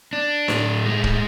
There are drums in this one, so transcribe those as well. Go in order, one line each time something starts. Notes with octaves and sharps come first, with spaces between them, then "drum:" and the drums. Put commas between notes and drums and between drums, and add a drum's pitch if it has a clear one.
D4
A2, drum: snare D4
G#3
drum: kick